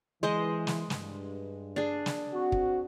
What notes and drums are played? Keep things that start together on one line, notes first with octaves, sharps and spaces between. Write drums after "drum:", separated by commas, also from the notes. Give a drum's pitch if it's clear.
E3 G#3 C5 D#5
drum: snare
G2, drum: snare
D4 G#4
drum: snare
C4 F#4
drum: kick